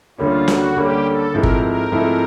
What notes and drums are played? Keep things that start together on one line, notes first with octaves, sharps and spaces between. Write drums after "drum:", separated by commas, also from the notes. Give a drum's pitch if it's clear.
D2 D3 G3 A#3 C#4 F4
F#4, drum: snare
D2 D3 G3 A#3 C#4 G4
A4
G#2 F3 A3 C4 E4 A#4
drum: kick G1
A#4
G#2 F3 A3 C4 E4